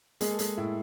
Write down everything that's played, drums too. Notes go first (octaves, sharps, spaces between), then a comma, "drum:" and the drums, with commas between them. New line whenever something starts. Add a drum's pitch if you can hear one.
G#3 A#3 G#4, drum: hi-hat
A4
G#3 G#4, drum: hi-hat
A2 E4